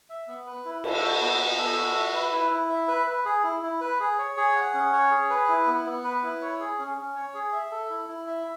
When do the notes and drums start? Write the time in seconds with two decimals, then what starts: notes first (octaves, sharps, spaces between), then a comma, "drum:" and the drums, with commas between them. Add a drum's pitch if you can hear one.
0.10 E5
0.28 B3
0.46 B4
0.65 E4
0.84 A4, drum: cymbal
1.02 F#4
1.21 B3
1.40 B3
1.58 A4
1.77 F#4
1.95 E5
2.14 B4
2.32 E4
2.51 E4
2.69 E5
2.88 B4
3.07 B4
3.25 G#4
3.44 E4
3.63 E4
3.81 B4
4.00 G#4
4.19 C#5
4.37 G#4
4.56 F#5
4.74 C#4
4.93 C#5
5.11 G#4
5.30 B4
5.48 E4
5.67 B3
5.86 B3
6.04 B4
6.23 E4
6.42 C#5
6.60 G#4
6.79 C#4
6.97 C#4
7.16 C#5
7.34 G#4
7.53 E5
7.71 A4
7.90 E4
8.09 E4
8.27 E5